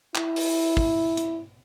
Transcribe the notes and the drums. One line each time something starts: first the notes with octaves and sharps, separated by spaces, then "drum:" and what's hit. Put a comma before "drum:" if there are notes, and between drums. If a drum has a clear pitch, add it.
E4, drum: clap
drum: open hi-hat
drum: kick
drum: hi-hat